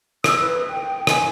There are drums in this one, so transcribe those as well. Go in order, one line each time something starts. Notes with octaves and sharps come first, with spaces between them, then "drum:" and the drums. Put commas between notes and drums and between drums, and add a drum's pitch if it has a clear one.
E6, drum: rim click
B4
G5
G#5, drum: rim click